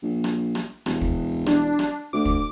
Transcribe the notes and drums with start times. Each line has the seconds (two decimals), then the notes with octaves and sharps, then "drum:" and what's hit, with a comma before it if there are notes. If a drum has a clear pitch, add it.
0.02 A#1
0.24 drum: rim click
0.55 drum: rim click
0.86 E1, drum: rim click
1.01 drum: kick
1.46 D4, drum: rim click
1.79 drum: rim click
2.13 D2 D6
2.25 drum: kick